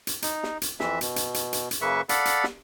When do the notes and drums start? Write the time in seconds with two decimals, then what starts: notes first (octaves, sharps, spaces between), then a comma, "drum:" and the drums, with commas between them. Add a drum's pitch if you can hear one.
0.07 drum: hi-hat
0.22 D#4, drum: hi-hat
0.43 drum: snare
0.62 drum: hi-hat
0.80 F2 E3 E5, drum: snare
1.01 B2, drum: hi-hat
1.16 drum: hi-hat
1.34 drum: hi-hat
1.53 drum: hi-hat
1.71 drum: hi-hat
1.81 F#2 C#3 A#3 B4 E5 C#6
2.09 A4 D5 F5 F#5 B5, drum: hi-hat
2.25 drum: hi-hat
2.44 drum: snare